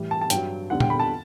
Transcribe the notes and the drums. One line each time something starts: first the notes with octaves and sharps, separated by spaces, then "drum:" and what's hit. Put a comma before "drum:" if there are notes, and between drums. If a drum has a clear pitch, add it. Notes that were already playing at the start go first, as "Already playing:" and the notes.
Already playing: A2 E3 G3
A5
A5
G2 F#3 G5, drum: hi-hat
E2 D3 G3 F#5
G5, drum: tom A#2
B5
A5